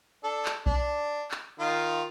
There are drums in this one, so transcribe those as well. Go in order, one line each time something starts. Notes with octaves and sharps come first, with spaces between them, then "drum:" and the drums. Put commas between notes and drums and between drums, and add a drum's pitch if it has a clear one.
D4 A4
drum: clap
D4, drum: kick B1
drum: clap
D#3 F4